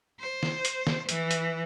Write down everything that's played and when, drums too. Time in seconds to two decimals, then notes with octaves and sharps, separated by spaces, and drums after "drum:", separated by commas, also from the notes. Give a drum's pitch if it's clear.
0.20 C5
0.43 drum: snare
0.65 drum: hi-hat
0.87 drum: snare
1.09 E3, drum: hi-hat
1.31 drum: hi-hat